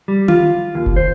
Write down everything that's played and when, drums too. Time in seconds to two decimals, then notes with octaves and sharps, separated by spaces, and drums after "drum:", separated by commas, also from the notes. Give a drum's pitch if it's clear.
0.08 G3
0.28 F4, drum: tom D3
0.75 D#2
0.86 drum: kick F1
0.96 C5